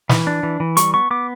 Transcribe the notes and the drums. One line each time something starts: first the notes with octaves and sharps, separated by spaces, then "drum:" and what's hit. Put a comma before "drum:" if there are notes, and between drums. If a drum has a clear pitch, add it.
E3, drum: snare
D4
E3
E3
G3 C#6, drum: hi-hat
B3 C#6
B3 D6